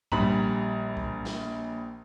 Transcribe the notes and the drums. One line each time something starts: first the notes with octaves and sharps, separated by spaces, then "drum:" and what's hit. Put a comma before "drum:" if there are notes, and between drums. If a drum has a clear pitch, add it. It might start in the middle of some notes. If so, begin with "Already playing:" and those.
A#1 G3 A#5 B5 F#7, drum: kick C2
drum: kick C2
drum: snare